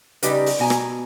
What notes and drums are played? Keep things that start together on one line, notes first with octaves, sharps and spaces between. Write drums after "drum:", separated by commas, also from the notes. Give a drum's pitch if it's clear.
C#3 G3 D#4 G4 B4, drum: hi-hat
drum: open hi-hat
B2 G#5 A#5
drum: rim click